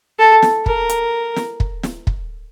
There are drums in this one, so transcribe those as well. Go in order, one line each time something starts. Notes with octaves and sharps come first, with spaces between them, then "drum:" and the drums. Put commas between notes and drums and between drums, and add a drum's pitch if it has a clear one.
A4
drum: snare
A#4, drum: kick
drum: hi-hat
drum: snare
drum: kick
drum: snare
drum: kick